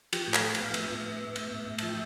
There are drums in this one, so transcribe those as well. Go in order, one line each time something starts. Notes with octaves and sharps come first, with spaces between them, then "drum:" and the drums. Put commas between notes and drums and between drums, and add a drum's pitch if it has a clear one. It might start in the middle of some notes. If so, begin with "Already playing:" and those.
F3 G4, drum: cymbal
A2
A4, drum: clap
F3
F5, drum: cymbal
B3
A2 E5, drum: cymbal
A2
B3
B3
A2, drum: cymbal
A2
A2
F3 A5, drum: cymbal
G5